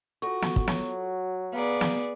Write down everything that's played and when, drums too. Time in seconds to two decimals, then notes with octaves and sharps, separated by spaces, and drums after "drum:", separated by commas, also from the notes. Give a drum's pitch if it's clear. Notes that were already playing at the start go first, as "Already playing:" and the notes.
0.22 F4 F#4 A4 C#6
0.42 drum: snare
0.56 drum: kick
0.68 F#3, drum: snare
1.53 B3 G#4 D5 F5 A#5
1.81 drum: snare